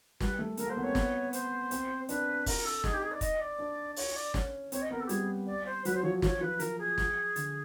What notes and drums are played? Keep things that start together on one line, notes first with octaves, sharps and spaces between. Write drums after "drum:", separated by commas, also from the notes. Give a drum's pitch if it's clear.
G3 B4, drum: snare
A3
A3 A#4, drum: hi-hat
A#3
C5
B3
C4 C#5
B3, drum: snare
C5, drum: hi-hat
C4, drum: hi-hat
D4 B4, drum: hi-hat
A#4, drum: kick, open hi-hat
A4
D#4 G#4, drum: snare
G4
G#4
D5
D#5, drum: kick, hi-hat
D5
D4
C#5, drum: open hi-hat
D5
C#4, drum: snare
C4 C#5, drum: hi-hat
D#5
B3 A#4
A4
G4
G3 G#4, drum: hi-hat
D5
C5
F#3 B4, drum: hi-hat
C5
F3 C#5
F3 C#5, drum: snare
F3 B4
F3 A#4, drum: hi-hat
G#4
drum: snare
D3, drum: hi-hat